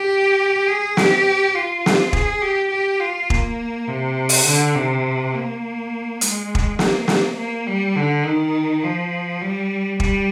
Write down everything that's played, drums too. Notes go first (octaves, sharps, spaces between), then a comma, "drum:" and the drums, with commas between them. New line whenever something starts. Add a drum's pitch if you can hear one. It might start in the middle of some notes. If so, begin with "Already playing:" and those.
Already playing: G4
G#4
G4, drum: snare
F4
drum: snare
G#4, drum: kick E1
G4
G4
F4
A#3, drum: kick E1
C3
drum: open hi-hat
D3
C3
A#3
G#3, drum: hi-hat
drum: kick E1
A#3, drum: snare
drum: snare
A#3
G3
D3
D#3
F3
G3
G3, drum: kick E1